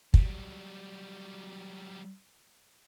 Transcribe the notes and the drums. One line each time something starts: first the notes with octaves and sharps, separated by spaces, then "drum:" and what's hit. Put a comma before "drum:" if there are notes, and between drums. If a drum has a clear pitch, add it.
F#3 G3, drum: kick